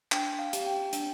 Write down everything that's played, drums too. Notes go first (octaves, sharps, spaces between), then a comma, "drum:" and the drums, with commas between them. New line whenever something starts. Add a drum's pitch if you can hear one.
D4 G5, drum: clap
F5
G4, drum: hi-hat
G5
D4, drum: hi-hat